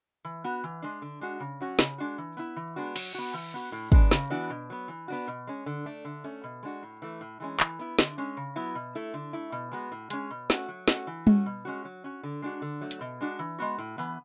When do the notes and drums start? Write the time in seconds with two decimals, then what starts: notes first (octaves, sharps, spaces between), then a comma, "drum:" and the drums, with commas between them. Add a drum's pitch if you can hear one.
0.25 E3
0.44 B3 F#4
0.64 E3
0.82 G#3 D4
1.02 D3
1.21 G#3 D4 F#4
1.40 C#3
1.60 F#3 C#4 F#4
1.79 C#3, drum: snare
1.98 G#3 D4 F#4
2.18 E3
2.37 B3 E4
2.56 E3
2.76 G#3 B3 D4 F#4
2.96 F#3, drum: cymbal
3.14 B3 F#4
3.34 E3
3.54 B3 F#4
3.72 A2
3.92 G#3 B3 D4, drum: kick
4.11 C#3, drum: snare
4.30 E3 B3 D4 F#4
4.50 B2
4.70 F#3 B3
4.88 E3
5.08 B3 D4 F#4
5.28 B2
5.47 G#3 C#4
5.66 D3
5.86 A3 D4
6.05 D3
6.24 A3 C#4
6.44 B2
6.63 G#3 D4 F#4
6.83 A2
7.02 E3 A3
7.21 A2
7.40 E3 G#3 C#4
7.60 E3, drum: clap
7.79 B3 E4
7.99 D3, drum: snare
8.18 G#3 C#4
8.37 C#3
8.56 F#3 B3 E4
8.75 B2
8.95 A3 E4
9.14 D3
9.33 A3 E4
9.52 B2
9.71 G#3 B3 F#4
9.92 A2
10.10 G#3 C#4, drum: hi-hat
10.30 B2
10.50 A3 C#4 F#4, drum: snare
10.68 F#3
10.88 A3 C#4 F#4, drum: snare
11.07 E3
11.27 A3 C#4 F#4, drum: tom G3
11.46 B2
11.65 G#3 C#4 F#4
11.85 F#3
12.04 C#4 F#4
12.23 D3
12.42 G#3 D4 F#4
12.62 D3
12.81 F#3 A3
12.91 drum: hi-hat
13.01 B2
13.21 G#3 D4 F#4
13.39 E3
13.59 G#3 B3 F#4
13.78 A2
13.98 E3 B3